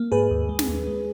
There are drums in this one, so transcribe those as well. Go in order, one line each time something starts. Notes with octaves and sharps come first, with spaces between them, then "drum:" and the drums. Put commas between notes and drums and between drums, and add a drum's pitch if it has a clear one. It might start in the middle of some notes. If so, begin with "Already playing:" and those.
Already playing: A#3
G#2 G#4 B4
D#2
G#3
drum: snare
D#2
G#3